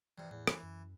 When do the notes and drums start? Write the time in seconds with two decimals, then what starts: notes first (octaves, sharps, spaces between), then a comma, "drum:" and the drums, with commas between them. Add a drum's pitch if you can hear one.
0.18 G2 C3 E3
0.31 E2 A2
0.47 E3, drum: rim click
0.63 F#2